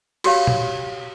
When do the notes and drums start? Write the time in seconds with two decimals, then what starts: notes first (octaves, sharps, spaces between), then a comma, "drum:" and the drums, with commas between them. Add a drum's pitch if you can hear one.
0.24 F#4 G4 C#5 F5, drum: cymbal
0.47 drum: tom A#2